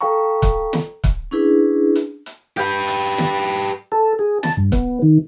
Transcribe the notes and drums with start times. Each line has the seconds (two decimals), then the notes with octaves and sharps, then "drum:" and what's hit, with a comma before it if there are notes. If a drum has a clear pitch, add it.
0.01 A4 F5 G5 A#5 C#6
0.42 drum: kick, hi-hat
0.73 drum: snare
1.04 drum: kick, hi-hat
1.31 C#4 D4 E4 G#4 B4
1.96 drum: hi-hat
2.26 drum: hi-hat
2.57 G4 B4 G5
2.88 drum: hi-hat
3.18 drum: snare
3.92 A4
4.19 G#4
4.43 A5, drum: snare
4.57 G2
4.72 B3, drum: kick, hi-hat
5.02 D#3